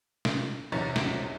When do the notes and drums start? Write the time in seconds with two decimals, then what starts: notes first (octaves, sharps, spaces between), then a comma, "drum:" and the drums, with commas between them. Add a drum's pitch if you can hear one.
0.25 drum: snare
0.72 B1 E2 C3 C#5 A#5 A6
0.96 drum: snare